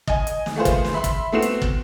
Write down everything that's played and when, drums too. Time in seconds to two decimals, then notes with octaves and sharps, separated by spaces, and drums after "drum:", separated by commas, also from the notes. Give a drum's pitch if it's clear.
0.07 D#5 G#5, drum: kick
0.27 drum: hi-hat
0.46 drum: snare
0.56 A3 A#3 F4 G#4 B4 C5
0.65 drum: kick, hi-hat
0.85 drum: snare
0.94 E5 B5 C6
1.04 drum: kick, hi-hat
1.32 A3 B3 C4 F#4 C7 E7
1.42 drum: hi-hat
1.62 drum: kick